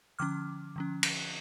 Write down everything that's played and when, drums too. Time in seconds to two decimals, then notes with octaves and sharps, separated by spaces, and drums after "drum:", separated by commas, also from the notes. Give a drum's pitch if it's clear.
0.19 D3 F3 C#4 D6 F6
0.76 D3 F3 C#4
1.03 drum: cymbal